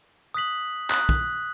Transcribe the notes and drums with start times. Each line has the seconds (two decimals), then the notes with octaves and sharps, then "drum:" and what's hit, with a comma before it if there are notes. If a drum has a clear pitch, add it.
0.34 D#6 F#6 B6 F#7
0.90 D#6 F#6 B6 F#7, drum: clap
1.09 drum: kick